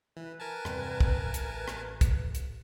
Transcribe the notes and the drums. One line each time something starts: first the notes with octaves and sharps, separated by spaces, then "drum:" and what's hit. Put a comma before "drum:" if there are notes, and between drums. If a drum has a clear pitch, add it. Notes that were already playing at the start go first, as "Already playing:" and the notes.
E3 B4
A#4 G#5 A5
E2 G2 C3, drum: rim click
drum: kick
A1
drum: hi-hat
drum: rim click
drum: kick, hi-hat
drum: hi-hat